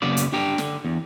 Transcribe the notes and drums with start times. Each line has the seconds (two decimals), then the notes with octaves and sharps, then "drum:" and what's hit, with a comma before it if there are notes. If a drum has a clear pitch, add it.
0.02 F#2 C#3 A#3 B3 D5
0.17 drum: hi-hat
0.33 D4 G4 G5 A#5
0.58 D3, drum: snare
0.85 E2